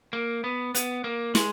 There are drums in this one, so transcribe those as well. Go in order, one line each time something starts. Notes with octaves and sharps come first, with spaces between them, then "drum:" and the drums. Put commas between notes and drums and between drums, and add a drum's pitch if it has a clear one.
A#3
B3
B3, drum: hi-hat
A#3
G#3, drum: snare